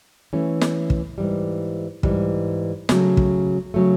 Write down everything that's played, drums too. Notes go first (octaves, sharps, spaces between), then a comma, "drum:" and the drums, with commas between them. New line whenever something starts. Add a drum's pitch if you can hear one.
E3 A3 C#4
drum: snare
drum: kick
G#2 E3 G3
G#2 E3 G3, drum: kick
C#3 F#3 A3, drum: snare
drum: kick
C#3 F#3 A3